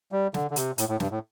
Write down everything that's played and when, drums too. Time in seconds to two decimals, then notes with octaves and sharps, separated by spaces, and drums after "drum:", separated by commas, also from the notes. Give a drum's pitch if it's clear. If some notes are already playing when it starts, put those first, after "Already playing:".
0.12 G3
0.34 D3, drum: snare
0.51 D3
0.56 C3, drum: hi-hat
0.78 A2, drum: hi-hat
0.89 A2
1.00 G2, drum: snare
1.11 A2